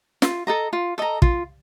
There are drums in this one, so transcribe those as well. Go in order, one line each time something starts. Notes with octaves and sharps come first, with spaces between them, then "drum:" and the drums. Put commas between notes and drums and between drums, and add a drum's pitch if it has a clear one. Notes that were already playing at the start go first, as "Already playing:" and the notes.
F4, drum: snare
A4 D#5 A#5
F4
A4 D#5 A#5
F4, drum: kick